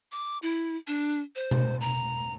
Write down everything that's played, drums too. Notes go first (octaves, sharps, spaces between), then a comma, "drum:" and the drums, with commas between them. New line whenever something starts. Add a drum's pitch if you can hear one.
D6
E4
D4
C5
drum: tom B2
A#5